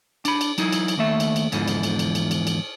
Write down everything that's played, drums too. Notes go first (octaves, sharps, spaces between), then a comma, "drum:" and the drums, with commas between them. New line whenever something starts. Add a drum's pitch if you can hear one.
D4 B5, drum: cymbal
drum: cymbal
F#3 D#4 E4, drum: cymbal
drum: cymbal
drum: cymbal
D#2 A3 E5
drum: cymbal
drum: cymbal
E2 G#2 D3 E3 F3, drum: cymbal
drum: cymbal
drum: cymbal
drum: cymbal
drum: cymbal
drum: cymbal
drum: cymbal